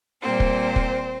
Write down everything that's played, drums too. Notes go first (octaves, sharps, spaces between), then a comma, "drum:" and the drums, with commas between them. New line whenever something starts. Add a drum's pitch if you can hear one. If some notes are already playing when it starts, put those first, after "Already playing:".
A#2 G3 A#3 C4 C5
drum: kick
drum: kick